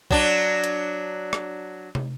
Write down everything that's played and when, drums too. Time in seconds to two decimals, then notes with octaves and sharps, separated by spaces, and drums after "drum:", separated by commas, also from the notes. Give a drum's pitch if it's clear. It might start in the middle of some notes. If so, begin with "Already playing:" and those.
0.11 F#3 D4, drum: kick
0.64 drum: hi-hat
1.33 drum: rim click
1.95 drum: tom